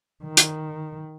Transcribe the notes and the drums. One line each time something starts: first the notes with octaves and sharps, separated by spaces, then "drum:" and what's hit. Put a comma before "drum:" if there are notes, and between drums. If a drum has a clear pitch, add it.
D#3
drum: hi-hat